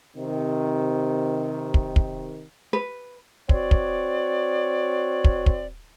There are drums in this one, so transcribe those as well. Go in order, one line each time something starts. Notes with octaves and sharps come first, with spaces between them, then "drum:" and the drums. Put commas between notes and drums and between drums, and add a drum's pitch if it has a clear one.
C3 D#3
drum: kick
drum: kick
B4
C4 F#4 C#5 D5, drum: kick
drum: kick
drum: kick
drum: kick